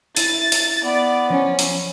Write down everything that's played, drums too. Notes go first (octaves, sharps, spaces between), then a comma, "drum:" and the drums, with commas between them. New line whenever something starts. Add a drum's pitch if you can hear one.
E4 A6, drum: hi-hat
drum: hi-hat
B3 D5
F3 C#4
drum: hi-hat